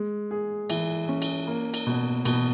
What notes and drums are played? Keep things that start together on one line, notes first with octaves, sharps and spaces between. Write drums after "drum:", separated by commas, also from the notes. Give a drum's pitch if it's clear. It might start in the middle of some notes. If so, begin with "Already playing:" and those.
Already playing: G#3
G#4
E3, drum: cymbal
C#4
drum: cymbal
A#3
drum: cymbal
B2
B2, drum: cymbal